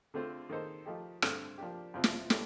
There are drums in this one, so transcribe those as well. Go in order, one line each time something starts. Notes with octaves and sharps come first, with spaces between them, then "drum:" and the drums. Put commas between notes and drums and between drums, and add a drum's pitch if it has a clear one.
D3 A3 C4 F4 C5
D#3 A#3 D#4 A4 C5
F3 A3 D#4 G4
G2 D3 A3 C4, drum: rim click
F3 A#3 D4 G4
F2 C3 F3 C4
drum: snare
A2 A3 D4 G4, drum: snare